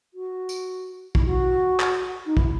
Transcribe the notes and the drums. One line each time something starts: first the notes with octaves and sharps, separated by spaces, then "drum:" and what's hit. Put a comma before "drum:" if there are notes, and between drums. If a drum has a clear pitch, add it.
F#4
drum: tambourine
E4, drum: kick
F#4
drum: clap
D#4
E4, drum: kick